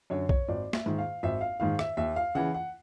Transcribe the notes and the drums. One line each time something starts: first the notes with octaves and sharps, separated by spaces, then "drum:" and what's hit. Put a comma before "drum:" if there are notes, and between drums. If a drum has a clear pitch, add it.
F#2 D3 C#5
C#5, drum: kick B1
G#1 D5
E5, drum: snare A#3
G#2 D#3
F5
G#1 E5
F5
G#2 D#3 F5
E5, drum: rim click
D#2 E5
F5
C#3 E3 F#5
F#5